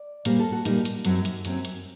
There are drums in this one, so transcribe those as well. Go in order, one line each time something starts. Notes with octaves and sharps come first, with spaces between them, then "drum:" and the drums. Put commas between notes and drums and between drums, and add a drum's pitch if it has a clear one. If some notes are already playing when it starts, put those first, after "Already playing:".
Already playing: D5
A#2 G3 A#3 C5, drum: hi-hat
A4
F#4
A#2 G3 A#3 D#4, drum: hi-hat
drum: hi-hat
F#2 F#3 C4, drum: hi-hat
drum: hi-hat
F#2 F#3 C4, drum: hi-hat
drum: hi-hat